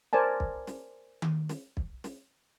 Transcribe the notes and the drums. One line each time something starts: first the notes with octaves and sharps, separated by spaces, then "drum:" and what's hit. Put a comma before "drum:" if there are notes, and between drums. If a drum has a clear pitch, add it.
A#4 C5 D5 G#5 A5
drum: kick
drum: snare
drum: tom D#3
drum: snare
drum: kick
drum: snare